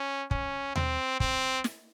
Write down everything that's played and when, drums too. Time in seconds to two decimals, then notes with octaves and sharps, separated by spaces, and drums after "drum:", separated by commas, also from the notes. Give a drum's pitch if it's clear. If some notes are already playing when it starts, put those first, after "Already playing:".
Already playing: C#4
0.31 C#4, drum: kick
0.76 C4, drum: tom D#2
1.20 C4, drum: kick
1.64 drum: snare